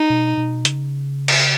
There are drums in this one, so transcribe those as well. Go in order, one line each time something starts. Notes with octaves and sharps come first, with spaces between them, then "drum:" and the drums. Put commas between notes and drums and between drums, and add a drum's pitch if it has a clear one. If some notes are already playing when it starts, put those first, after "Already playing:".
Already playing: D#4
B2
B2
C#3, drum: hi-hat
drum: cymbal